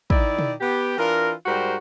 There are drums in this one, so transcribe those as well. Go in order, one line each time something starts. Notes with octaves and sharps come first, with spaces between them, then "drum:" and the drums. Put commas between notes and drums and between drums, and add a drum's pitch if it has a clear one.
D#3 D#4 E4 D5, drum: kick
drum: tom
B3 G4
E3 D4 F4 A#4
G#2 G3 F#4 G4 A#4 C5